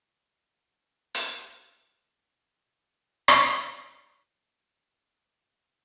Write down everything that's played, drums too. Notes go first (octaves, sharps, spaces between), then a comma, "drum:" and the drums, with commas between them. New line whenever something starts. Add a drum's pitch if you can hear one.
A1 F#2 C#4 B4 F#5 G6
drum: hi-hat
B2
G3
B2
F5
C#3
drum: rim click
G#3 D5 E5